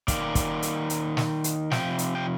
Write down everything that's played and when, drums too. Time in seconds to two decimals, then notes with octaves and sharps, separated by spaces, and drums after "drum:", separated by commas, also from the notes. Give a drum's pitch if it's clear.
0.08 D#3 A#3 D5 F5, drum: kick, hi-hat
0.35 drum: kick, hi-hat
0.62 drum: hi-hat
0.90 drum: hi-hat
1.17 drum: snare
1.44 drum: hi-hat
1.71 C3 F3 G5, drum: snare
1.99 drum: hi-hat
2.15 G5